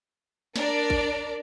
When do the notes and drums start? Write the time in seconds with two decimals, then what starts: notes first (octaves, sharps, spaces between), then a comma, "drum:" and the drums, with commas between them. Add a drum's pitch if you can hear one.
0.56 D4 A#4 D5, drum: snare
0.90 drum: kick A1